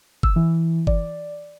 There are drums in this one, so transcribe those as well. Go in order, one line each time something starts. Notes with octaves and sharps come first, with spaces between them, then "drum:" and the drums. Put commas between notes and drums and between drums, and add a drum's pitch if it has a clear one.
E6, drum: kick F#1
E3
D5, drum: kick F#1